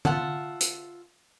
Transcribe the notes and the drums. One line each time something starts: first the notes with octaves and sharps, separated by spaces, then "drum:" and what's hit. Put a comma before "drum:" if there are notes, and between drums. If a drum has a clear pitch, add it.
F4 E5 F#5 A5, drum: tom D3
drum: hi-hat